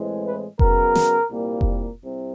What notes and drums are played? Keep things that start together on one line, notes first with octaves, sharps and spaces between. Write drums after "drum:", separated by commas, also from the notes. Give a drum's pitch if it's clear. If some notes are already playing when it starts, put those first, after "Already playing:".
Already playing: A2 E3 G#3 C4
B4
F#2 C#3 F#3 B3 A#4, drum: kick F1
drum: snare
C2 A#2 G3 A#3
drum: kick F1
C2 C3